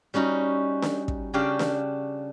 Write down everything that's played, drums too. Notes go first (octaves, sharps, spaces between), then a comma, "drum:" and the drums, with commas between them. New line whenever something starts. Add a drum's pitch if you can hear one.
G3 C#4 D#4 F#4
drum: snare D4
drum: kick
C#3 D4 F#4 G4 F5 G5
drum: snare D4